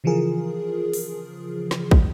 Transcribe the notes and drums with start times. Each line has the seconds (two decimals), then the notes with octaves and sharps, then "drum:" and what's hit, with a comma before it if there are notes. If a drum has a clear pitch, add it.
0.04 C#3 E3 F3 F4 G#4 A#4
0.93 drum: open hi-hat
1.71 drum: snare
1.91 drum: kick